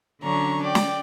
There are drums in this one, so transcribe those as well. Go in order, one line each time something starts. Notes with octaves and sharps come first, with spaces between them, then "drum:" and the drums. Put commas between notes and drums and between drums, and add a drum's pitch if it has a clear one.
D3 F#3 C#4 D4 A#5 C#6
D5 G5
drum: snare